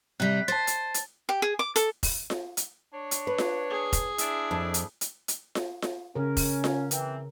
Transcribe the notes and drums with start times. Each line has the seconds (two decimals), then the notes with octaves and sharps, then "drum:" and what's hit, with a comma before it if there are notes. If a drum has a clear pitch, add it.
0.20 C3 G3 F#6 B6
0.48 C5 A5 A6
0.67 drum: hi-hat
0.94 drum: hi-hat
1.29 G4
1.42 G#4
1.59 D6
1.76 A4, drum: hi-hat
2.03 drum: kick F1, open hi-hat
2.30 drum: snare F4
2.57 drum: hi-hat
2.93 D4 C#5
3.11 drum: hi-hat
3.27 B4
3.38 drum: snare F4
3.70 G#4
3.93 drum: kick F1, hi-hat
4.18 D4 E4, drum: hi-hat
4.51 F2
4.74 drum: hi-hat
5.01 drum: hi-hat
5.28 drum: hi-hat
5.55 drum: snare F4
5.82 drum: snare F4
6.15 C#3 C#4 A#4
6.37 drum: kick F1, open hi-hat
6.64 drum: snare F4
6.91 E3 C4, drum: hi-hat